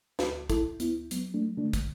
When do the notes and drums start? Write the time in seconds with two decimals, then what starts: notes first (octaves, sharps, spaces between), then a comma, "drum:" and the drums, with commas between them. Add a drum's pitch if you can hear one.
0.19 D2 F#4 B4, drum: snare
0.50 E4 A4, drum: kick, hi-hat
0.65 D2
0.80 B3 E4, drum: hi-hat
1.11 F#3 B3, drum: hi-hat
1.34 A3 D4
1.57 D3 A3 D4
1.73 drum: kick, hi-hat